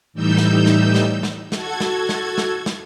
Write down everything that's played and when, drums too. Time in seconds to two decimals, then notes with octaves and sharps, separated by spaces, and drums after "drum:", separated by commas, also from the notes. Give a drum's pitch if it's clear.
0.13 A2 E3 G3 D#4 E6 G6
0.37 drum: snare
0.66 drum: snare
0.95 drum: snare
1.23 drum: snare
1.52 F#4 A4 G#6, drum: snare
1.80 drum: snare
2.09 drum: snare
2.38 drum: snare
2.66 drum: snare